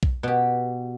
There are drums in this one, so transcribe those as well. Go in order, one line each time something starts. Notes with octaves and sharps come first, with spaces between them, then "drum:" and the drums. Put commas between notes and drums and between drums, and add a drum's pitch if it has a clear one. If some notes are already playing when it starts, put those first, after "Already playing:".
drum: kick B1
B2 G4